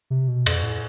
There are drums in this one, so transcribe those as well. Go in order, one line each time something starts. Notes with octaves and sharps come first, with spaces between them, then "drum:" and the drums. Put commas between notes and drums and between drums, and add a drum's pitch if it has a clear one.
C3
B2
F2, drum: cymbal
A2